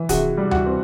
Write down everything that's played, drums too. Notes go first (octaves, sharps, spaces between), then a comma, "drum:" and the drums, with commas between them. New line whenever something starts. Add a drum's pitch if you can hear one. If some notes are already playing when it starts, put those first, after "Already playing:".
Already playing: E3
C3 F#4 G#4, drum: kick, hi-hat
G3
F#4, drum: tom D2
C4